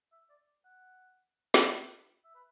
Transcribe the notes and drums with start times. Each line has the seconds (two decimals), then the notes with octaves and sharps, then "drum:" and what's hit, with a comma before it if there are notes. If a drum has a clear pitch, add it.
0.12 E5
0.30 D5
0.65 F#5
1.54 drum: snare
2.25 E5
2.35 B4